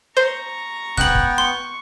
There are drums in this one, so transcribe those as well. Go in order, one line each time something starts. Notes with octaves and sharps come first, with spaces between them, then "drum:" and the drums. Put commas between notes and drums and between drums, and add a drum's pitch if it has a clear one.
C5 A#5 C#6
B3 G5 F#6 F#7, drum: snare
drum: kick
C6 C#6